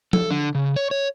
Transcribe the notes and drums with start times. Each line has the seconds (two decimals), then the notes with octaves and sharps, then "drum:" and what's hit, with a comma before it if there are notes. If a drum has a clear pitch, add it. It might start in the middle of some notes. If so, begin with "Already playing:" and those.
0.13 A4, drum: tom F3
0.31 D3
0.55 C#3
0.76 C#5
0.91 C#5